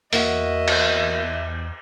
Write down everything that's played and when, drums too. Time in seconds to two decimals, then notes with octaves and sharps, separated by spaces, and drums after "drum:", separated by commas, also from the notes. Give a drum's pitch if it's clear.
0.13 E2 A#3 F#4 D#5 E5, drum: open hi-hat
0.68 drum: cymbal